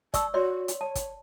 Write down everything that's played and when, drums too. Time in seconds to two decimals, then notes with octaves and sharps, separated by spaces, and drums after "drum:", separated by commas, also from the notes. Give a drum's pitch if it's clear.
0.14 D5 A5 C#6 E6, drum: kick, hi-hat
0.34 F#4 C#5 D5 C6
0.68 drum: hi-hat
0.81 C#5 A5
0.95 drum: kick, hi-hat